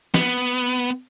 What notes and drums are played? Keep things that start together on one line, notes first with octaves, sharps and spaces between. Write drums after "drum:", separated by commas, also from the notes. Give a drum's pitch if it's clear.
B3, drum: snare